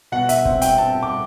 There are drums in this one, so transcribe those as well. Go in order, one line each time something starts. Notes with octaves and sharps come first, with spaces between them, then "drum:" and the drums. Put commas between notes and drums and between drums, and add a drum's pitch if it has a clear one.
B2 F#5
E5, drum: hi-hat
C4, drum: kick
G5, drum: hi-hat
C4 A5
D6